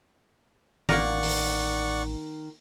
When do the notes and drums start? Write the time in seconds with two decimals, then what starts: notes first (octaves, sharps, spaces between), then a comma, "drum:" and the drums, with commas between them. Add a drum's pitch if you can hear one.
0.89 A1 D#3 A#3 A#4 D5 F#5 C#6, drum: tom D#3
1.23 drum: open hi-hat